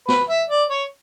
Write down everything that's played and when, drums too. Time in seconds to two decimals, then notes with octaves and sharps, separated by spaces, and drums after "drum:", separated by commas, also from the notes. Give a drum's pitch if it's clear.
0.08 B4, drum: snare
0.29 E5
0.49 D5
0.69 C#5